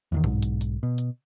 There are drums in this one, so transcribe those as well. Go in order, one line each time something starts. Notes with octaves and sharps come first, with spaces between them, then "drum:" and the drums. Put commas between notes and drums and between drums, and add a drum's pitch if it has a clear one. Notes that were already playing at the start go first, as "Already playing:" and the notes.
E2 G2 D#3
B1 G#2, drum: tom G2
drum: hi-hat
drum: hi-hat
B2
drum: hi-hat